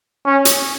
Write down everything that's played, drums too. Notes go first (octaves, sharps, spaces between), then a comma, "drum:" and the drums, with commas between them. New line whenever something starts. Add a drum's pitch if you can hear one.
C#4
drum: hi-hat